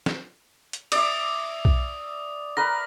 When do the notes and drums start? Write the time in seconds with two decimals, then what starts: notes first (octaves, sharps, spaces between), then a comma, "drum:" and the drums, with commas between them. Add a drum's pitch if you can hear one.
0.06 drum: snare
0.73 drum: hi-hat
0.92 D5 E5 D#6, drum: cymbal
1.65 drum: kick B1
2.57 A#4 B4 B5 A#6